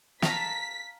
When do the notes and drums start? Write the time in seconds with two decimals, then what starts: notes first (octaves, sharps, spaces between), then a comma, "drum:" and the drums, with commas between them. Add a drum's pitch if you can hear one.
0.22 F5 A5 A#5 B6, drum: snare